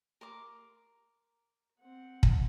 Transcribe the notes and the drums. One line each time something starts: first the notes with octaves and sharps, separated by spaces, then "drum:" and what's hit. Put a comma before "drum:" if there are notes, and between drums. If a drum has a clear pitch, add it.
A#4 C6 D6
C4 F#5
drum: kick